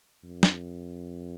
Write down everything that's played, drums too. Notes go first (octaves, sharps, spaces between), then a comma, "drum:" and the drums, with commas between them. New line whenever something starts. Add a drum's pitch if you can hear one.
F2
drum: snare